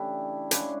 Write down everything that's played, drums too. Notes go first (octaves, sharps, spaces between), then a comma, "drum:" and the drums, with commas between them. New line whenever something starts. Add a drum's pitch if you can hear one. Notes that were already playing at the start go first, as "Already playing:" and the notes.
Already playing: C#3 E3 A3 D4 E4 G4
C#3 E3 G#3 D4 E4, drum: hi-hat